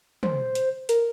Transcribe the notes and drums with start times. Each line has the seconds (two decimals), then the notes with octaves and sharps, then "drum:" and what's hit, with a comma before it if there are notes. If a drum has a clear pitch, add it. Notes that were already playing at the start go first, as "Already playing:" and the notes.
0.23 C5, drum: tom
0.55 drum: hi-hat
0.89 A#4, drum: hi-hat